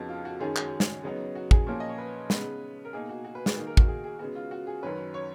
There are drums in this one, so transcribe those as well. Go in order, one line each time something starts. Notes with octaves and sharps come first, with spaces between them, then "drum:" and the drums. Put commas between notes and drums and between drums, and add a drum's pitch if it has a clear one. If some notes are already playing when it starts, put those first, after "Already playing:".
Already playing: F2 C#3 F3 B3 D#4 F#4
F4
F#4
F#2 D#3 G#3 C#4 G#4
F#4, drum: clap
drum: snare
C#3 F#3 B3 D#4
F#4
G#4, drum: kick
A#2 F3 A#3 C#4
D#5
C#5
B4
C#3 G#3 B3 D#4 B4, drum: snare
A#4
B2 A#3 D#4 G#4
F#4
F#4
B4
G#4, drum: snare
D#3 A#3 D#4 G#4
A#4
F#4, drum: kick
G#4
G#4
C#3 G#3 B3 F#4
F4
F#4
G#4
F#2 D#3 F#3 C#4 B4
C#5